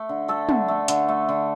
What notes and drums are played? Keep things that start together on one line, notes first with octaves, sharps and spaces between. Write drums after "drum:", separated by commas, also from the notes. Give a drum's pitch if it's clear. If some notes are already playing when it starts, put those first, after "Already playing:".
Already playing: A3
D3
A3 A4
D3, drum: tom
A3
D3, drum: hi-hat
A3
D3